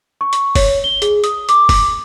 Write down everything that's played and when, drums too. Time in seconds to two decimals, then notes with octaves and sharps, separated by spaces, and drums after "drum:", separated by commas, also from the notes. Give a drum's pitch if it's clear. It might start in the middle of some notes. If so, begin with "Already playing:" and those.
0.21 C#6
0.33 drum: hi-hat
0.55 C#5, drum: kick, open hi-hat
0.84 G7
1.02 G#4, drum: hi-hat
1.24 D#6, drum: hi-hat
1.49 D6, drum: hi-hat
1.69 drum: kick, open hi-hat